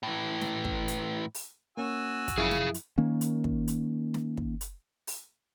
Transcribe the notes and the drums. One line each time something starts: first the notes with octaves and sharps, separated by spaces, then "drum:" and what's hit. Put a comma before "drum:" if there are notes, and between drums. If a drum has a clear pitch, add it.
A2 E3
drum: snare
drum: kick
drum: hi-hat
drum: open hi-hat
A#3 C#4 F#4 G#5 E6
drum: kick, hi-hat
F#2 F3 E4 G#4 F5
drum: snare
drum: hi-hat
D#3 A#3 C#4
drum: hi-hat
drum: kick
drum: hi-hat
drum: snare
drum: kick
drum: hi-hat
drum: open hi-hat